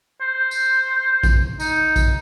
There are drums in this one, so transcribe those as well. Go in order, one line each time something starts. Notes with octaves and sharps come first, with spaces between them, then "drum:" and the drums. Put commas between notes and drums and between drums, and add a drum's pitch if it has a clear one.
C5
drum: tambourine
drum: kick A#1, tambourine
D#4, drum: tambourine
drum: kick A#1, tambourine